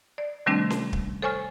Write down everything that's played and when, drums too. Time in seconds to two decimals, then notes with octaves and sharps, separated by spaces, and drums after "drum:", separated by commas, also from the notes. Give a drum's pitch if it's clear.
0.18 D5
0.46 C3 D#3 G3 A3 C4 D4
0.70 drum: snare C#4
0.93 drum: kick
1.22 A4 C5 C#5 G#5 C#6 F6